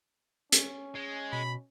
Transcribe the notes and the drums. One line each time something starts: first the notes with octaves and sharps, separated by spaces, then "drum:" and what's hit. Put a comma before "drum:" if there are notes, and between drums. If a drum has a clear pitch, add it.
C#4, drum: hi-hat
G#3
B2 B5